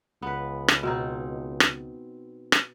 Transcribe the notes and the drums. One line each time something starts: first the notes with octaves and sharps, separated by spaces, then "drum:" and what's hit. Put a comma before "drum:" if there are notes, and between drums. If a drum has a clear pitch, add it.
C#2 B3 B4
drum: rim click
B2 C4 D#4
drum: rim click
drum: rim click